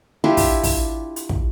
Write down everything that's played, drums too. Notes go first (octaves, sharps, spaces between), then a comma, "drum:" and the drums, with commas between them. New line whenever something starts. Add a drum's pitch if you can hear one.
D4 E4 F4 G4
drum: kick, open hi-hat
drum: kick, open hi-hat
drum: hi-hat
drum: kick